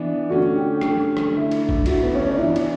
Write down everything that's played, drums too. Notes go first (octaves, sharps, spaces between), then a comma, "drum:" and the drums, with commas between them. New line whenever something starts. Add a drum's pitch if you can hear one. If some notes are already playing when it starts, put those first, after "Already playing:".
Already playing: E3 B3 D4
D3 A3 C#4 F#4
G4
D3 A3 C#4, drum: rim click
drum: rim click
D3 A3 E4
drum: cymbal
drum: kick G1
D3 A3 E4 F#4, drum: cymbal
B3
C#4
D4
E3 B3 D4 E4
drum: cymbal